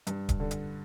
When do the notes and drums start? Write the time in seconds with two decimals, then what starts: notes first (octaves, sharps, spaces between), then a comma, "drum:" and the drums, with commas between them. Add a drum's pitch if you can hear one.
0.07 G2, drum: hi-hat
0.29 drum: kick D1, hi-hat
0.40 D3
0.51 drum: hi-hat